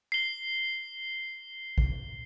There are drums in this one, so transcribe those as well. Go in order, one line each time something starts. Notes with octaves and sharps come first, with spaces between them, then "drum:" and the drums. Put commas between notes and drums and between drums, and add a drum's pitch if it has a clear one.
C7 G7
drum: kick G#1